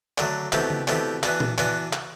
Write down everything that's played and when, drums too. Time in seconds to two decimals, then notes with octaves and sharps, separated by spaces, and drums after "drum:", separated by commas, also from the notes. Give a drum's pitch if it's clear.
0.18 D3 F#3 A3, drum: clap
0.52 B2 A3 C4 E4 G4, drum: clap
0.70 drum: tom C#3
0.88 B2 A3 C4 E4 G4, drum: clap
1.23 E3 B3 D4 F#4, drum: clap
1.40 drum: tom A#2
1.58 E3 B3 D4 F#4, drum: clap
1.93 drum: clap